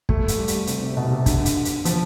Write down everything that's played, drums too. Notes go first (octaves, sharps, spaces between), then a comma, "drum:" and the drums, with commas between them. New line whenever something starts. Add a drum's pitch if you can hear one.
A3, drum: kick
drum: hi-hat
G3
drum: hi-hat
C3, drum: hi-hat
C3
B2
C3
D3, drum: kick, hi-hat
drum: hi-hat
drum: hi-hat
F3, drum: hi-hat